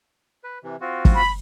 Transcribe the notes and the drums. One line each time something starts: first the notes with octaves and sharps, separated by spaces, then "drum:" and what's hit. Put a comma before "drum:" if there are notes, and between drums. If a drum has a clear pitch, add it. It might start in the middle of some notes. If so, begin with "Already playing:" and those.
B4
C3 E3
C4 F4 F#4
drum: kick
B5